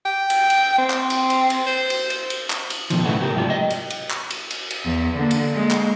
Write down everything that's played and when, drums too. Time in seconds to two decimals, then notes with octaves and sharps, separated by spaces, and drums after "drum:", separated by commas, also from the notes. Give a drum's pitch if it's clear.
0.06 G5
0.30 drum: cymbal
0.50 drum: cymbal
0.78 C4
0.90 drum: clap
1.10 drum: cymbal
1.30 drum: cymbal
1.50 drum: cymbal
1.67 C5
1.90 drum: cymbal
2.10 drum: cymbal
2.30 drum: cymbal
2.50 drum: clap
2.70 drum: cymbal
2.90 B2 D3 D#3 F3, drum: cymbal
3.05 A2 C#3 A3 B3 F#5
3.20 C#3 G4 A#4
3.35 G#2 C3 F#3 A3 D4 F4
3.49 D#5 G5
3.70 drum: cymbal
3.90 drum: cymbal
4.10 drum: clap
4.30 drum: cymbal
4.50 drum: cymbal
4.71 drum: cymbal
4.85 E2
5.16 D3 A#3
5.31 drum: cymbal
5.54 G#3 A#3
5.71 drum: clap